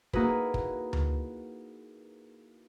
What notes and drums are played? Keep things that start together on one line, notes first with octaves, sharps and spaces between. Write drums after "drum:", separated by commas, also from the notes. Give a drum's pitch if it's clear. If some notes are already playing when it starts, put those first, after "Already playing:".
A#3 D#4 E4 F#4 G#4 B4, drum: kick
drum: kick
drum: tom D2